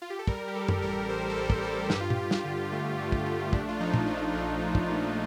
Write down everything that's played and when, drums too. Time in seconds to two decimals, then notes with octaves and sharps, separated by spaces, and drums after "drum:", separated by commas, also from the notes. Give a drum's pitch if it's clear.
0.02 F4
0.10 G4
0.19 A4
0.27 G3 A#4, drum: kick
0.47 G4
0.55 G3 A4
0.68 drum: tom F#2
0.81 A1 A#4
1.09 A1 C5
1.29 A4
1.36 A1 A#4
1.50 drum: kick
1.63 A1 A4
1.90 G2 G4, drum: snare
2.00 F4
2.10 G4, drum: tom A#2
2.17 G2
2.31 drum: snare
2.44 D3
2.72 A3
2.98 A3
3.12 drum: kick
3.26 A3
3.53 A#1 D4, drum: kick
3.68 F4
3.80 F3 D#4
3.94 drum: tom A#2
4.07 F3 F4
4.34 A#1 D4
4.61 A#1
4.75 drum: kick
4.89 A#2